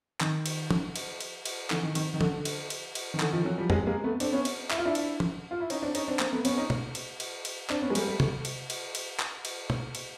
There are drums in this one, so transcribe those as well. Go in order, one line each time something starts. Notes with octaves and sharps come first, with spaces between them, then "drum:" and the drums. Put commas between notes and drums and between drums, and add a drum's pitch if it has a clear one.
D#3, drum: clap
drum: cymbal
drum: tom
drum: cymbal
drum: cymbal
drum: cymbal
D3 E3, drum: clap
D#3
D#3, drum: cymbal
D#3
D3, drum: tom
drum: cymbal
drum: cymbal
drum: cymbal
D#3
D3 E3, drum: clap
D#3 F3
E3 F#3
F3 G3
F#3 G#3, drum: tom F2
G#3 A#3
A3 B3
C4 D4, drum: cymbal
B3 C#4
drum: cymbal
E4, drum: clap
F4
D4 E4
drum: cymbal
drum: tom
F4
E4
C#4 D#4, drum: cymbal
C4 D4
C#4 D#4, drum: cymbal
C4 D4
A#3 C4, drum: clap
A3 B3
B3 C#4, drum: cymbal
C#4 D#4
drum: tom
drum: cymbal
drum: cymbal
drum: cymbal
C4 D4, drum: clap
B3 C#4
G#3
G3 A3, drum: cymbal
G3 A3
G3 A3, drum: tom C3
drum: cymbal
drum: cymbal
drum: cymbal
drum: clap
drum: cymbal
drum: tom
drum: cymbal